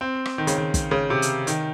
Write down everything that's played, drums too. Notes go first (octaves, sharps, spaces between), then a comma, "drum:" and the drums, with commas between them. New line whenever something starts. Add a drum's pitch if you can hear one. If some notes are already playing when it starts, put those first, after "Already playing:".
C4
drum: rim click
D#3
C#3, drum: hi-hat
D#3
drum: kick, hi-hat
C#3
C3
drum: hi-hat
D#3, drum: hi-hat